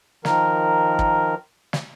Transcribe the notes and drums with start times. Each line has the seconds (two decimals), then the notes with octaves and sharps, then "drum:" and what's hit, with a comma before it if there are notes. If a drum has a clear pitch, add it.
0.25 D#3 F3 A#4, drum: snare
0.99 drum: kick
1.73 drum: snare